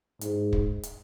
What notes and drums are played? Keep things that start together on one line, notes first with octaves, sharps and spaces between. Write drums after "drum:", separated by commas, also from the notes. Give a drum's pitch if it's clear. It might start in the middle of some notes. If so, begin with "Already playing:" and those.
G#2, drum: hi-hat
drum: kick
drum: hi-hat